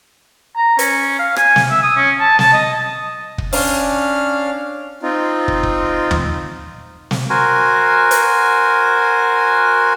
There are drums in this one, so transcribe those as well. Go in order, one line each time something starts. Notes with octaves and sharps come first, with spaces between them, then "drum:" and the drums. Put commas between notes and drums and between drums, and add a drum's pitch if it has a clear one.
A#5
C#4, drum: hi-hat
F5
G#5, drum: rim click
drum: snare
E5
D#6
C#4
A5
A5, drum: snare
D#5
drum: kick
C#4 D4 F5 F6, drum: open hi-hat
C4 D#4 F4
drum: kick
drum: kick
drum: tom
drum: snare
F#4 A#4 C5 G#5
drum: hi-hat